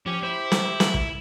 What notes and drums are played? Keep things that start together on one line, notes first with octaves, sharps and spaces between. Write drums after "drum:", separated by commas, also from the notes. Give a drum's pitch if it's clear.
F3 C#4 G4
E4 C5
drum: snare
drum: snare
drum: kick